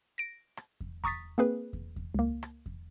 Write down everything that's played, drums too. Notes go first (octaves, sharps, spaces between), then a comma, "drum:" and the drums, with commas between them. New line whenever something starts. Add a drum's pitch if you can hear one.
A#6 D7
drum: rim click
drum: kick E2
A#5 C#6 D#6 A6 B6, drum: kick E2
A#3 C4 G#4 B4
drum: kick E2
drum: kick E2
C#2 A#3
drum: rim click
drum: kick E2